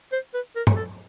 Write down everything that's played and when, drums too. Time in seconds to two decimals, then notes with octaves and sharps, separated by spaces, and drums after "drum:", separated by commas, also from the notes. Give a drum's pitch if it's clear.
0.12 C5
0.34 B4
0.56 A#4
0.67 drum: tom
0.76 A4